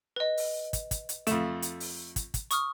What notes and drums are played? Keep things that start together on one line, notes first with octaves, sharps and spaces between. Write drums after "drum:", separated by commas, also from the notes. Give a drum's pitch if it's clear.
B4 D#5
drum: open hi-hat
drum: kick, hi-hat
drum: kick, hi-hat
drum: hi-hat
F2 A3 E7, drum: hi-hat
drum: hi-hat
drum: open hi-hat
drum: kick, hi-hat
drum: kick, hi-hat
C#6 D#6 F6, drum: hi-hat